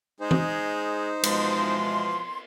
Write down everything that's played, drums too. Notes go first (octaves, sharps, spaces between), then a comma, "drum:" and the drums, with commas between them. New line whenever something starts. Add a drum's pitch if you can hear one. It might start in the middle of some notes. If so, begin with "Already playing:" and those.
G#3 D#4 G#4 C5
drum: tom E3
B2 E3 F3 G#3 C6, drum: cymbal